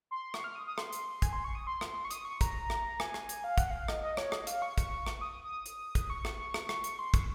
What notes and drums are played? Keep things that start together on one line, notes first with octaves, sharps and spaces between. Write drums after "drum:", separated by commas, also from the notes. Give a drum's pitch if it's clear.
C6
C#6, drum: rim click
F6
D#6
D#6
C6, drum: rim click
drum: hi-hat
G#5, drum: kick, hi-hat
C6
C#6
D#6
C6
drum: rim click
C#6
D#6, drum: hi-hat
C#6
A#5, drum: kick, hi-hat
drum: rim click
G#5, drum: rim click
drum: rim click
drum: hi-hat
F5
F#5, drum: kick, hi-hat
F5
D#5, drum: rim click
D#5
C#5, drum: rim click
D#5, drum: rim click
F5, drum: hi-hat
C#6
C#6, drum: kick, hi-hat
drum: rim click
D#6
D#6
drum: hi-hat
drum: kick, hi-hat
C#6
drum: rim click
drum: rim click
drum: rim click
drum: hi-hat
C6
C#6, drum: kick, hi-hat